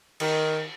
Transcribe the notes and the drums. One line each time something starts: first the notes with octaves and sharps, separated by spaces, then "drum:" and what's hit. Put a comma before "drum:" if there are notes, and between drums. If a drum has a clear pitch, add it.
D#3, drum: cymbal